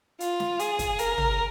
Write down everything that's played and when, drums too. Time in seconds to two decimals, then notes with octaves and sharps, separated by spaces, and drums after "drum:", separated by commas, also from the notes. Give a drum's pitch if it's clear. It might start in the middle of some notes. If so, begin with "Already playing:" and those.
0.20 F4, drum: hi-hat
0.40 drum: snare
0.59 G#4, drum: hi-hat
0.79 drum: kick, hi-hat
0.99 A#4, drum: hi-hat
1.18 drum: tom